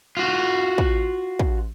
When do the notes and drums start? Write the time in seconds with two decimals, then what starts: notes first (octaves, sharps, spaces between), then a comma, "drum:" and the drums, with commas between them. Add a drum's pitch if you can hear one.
0.17 F4 F#4
0.78 drum: kick
1.39 drum: kick